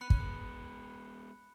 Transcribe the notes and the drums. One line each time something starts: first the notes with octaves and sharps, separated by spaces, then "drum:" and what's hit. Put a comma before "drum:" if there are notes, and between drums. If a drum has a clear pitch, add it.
B3 B5 F#6 C#7
C#4, drum: kick
G#3 B3